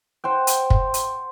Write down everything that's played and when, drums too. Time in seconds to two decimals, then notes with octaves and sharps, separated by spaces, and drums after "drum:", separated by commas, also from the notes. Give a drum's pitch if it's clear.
0.24 C5 F#5 G5
0.47 drum: hi-hat
0.70 drum: kick
0.94 drum: hi-hat